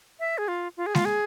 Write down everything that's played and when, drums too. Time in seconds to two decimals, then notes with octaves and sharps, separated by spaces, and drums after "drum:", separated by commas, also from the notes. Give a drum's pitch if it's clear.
0.20 E5
0.38 G#4
0.48 F4
0.77 F4
0.86 G#4
0.95 F4, drum: snare G#3
1.05 G#4